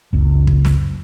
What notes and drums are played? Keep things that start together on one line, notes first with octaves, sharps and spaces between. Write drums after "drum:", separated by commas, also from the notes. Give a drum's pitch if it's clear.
F#1 C#2
drum: kick
drum: snare